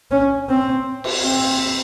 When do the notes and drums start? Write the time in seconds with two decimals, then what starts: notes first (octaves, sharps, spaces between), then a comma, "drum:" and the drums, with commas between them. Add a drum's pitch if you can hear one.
0.11 C#4
0.49 C4
1.04 drum: cymbal
1.23 C4